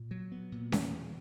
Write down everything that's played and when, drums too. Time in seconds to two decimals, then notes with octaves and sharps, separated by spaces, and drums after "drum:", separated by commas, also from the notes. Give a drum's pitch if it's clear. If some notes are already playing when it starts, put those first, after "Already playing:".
Already playing: A#2
0.11 F#3
0.32 B3
0.52 A#2
0.72 E2, drum: snare C#4
0.93 B2